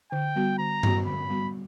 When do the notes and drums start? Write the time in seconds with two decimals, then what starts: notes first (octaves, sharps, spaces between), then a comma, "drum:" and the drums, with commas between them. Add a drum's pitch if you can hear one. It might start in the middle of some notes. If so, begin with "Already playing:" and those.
0.12 D3 G5
0.36 G3 B3 F#4
0.59 D3 A#5
0.83 G3 B3 F#4, drum: tom G2
1.06 D3 B5
1.30 G3 B3 F#4